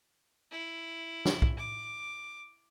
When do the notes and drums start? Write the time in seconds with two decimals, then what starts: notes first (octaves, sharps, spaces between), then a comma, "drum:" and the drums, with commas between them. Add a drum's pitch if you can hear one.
0.52 E4
1.25 drum: snare
1.42 drum: kick
1.59 D6